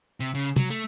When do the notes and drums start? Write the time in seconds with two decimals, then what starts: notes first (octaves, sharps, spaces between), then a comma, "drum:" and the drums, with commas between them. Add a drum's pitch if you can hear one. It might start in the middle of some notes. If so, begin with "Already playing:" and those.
0.20 C3
0.35 C#3
0.56 F#3, drum: tom
0.70 A3